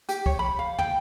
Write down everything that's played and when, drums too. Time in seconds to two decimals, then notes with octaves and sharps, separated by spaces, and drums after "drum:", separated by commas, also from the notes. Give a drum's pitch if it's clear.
0.09 G4, drum: hi-hat
0.26 C#5, drum: kick C#2
0.39 B5
0.59 F5
0.79 G5, drum: tom